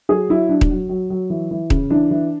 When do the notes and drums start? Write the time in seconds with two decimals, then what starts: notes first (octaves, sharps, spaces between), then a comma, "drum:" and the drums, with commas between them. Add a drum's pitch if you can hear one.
0.09 F#3 G#4
0.29 F#3 E4
0.49 F#3 D4
0.61 drum: kick D#1
0.70 F#3
0.89 F#3
1.10 F#3
1.30 E3
1.51 E3
1.70 C#3, drum: kick D#1
1.90 E3 D4
2.11 E3